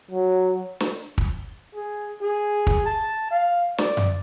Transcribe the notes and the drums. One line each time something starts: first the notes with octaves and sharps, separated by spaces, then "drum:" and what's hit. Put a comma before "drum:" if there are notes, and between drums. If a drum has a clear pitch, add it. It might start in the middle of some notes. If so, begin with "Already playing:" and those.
F#3
drum: snare
drum: kick
G#4
G#4
drum: kick
A5
F5
D5, drum: snare
drum: tom F#2